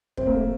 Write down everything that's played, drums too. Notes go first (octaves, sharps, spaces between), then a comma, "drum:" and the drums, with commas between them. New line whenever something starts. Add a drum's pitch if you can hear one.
C4, drum: kick
A#3
A3